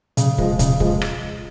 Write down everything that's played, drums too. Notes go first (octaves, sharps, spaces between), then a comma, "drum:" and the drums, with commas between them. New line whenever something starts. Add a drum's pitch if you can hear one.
C#3, drum: hi-hat
F3 G#3, drum: kick
C#3, drum: kick, hi-hat
F3 G#3, drum: kick
drum: rim click